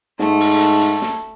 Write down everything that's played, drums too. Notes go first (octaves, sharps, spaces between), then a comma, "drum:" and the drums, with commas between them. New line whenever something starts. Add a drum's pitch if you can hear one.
G#2 A3, drum: snare
drum: open hi-hat
drum: hi-hat
drum: hi-hat
drum: snare